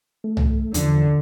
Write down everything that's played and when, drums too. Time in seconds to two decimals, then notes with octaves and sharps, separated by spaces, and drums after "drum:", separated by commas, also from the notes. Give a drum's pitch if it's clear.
0.24 A3
0.37 drum: tom
0.74 E2 D3 F3, drum: hi-hat